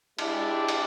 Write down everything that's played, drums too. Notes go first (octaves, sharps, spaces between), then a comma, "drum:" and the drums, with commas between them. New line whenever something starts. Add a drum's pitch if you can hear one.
G#3 D4 E4 G4, drum: cymbal
drum: cymbal